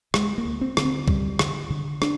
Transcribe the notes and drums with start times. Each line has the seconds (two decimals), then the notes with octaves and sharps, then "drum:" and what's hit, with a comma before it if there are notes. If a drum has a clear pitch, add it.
0.14 D2 G#3, drum: rim click
0.38 A#3
0.45 D2
0.61 C4
0.77 D3, drum: rim click
0.85 C4
1.08 D2 G3, drum: kick
1.39 D3, drum: rim click
1.70 D3
2.02 D4, drum: rim click